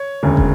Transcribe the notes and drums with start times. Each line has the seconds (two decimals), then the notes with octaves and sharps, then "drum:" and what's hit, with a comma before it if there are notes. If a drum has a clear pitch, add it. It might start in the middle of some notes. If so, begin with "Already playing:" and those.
Already playing: C#5
0.23 E1 D2 C#3
0.37 drum: kick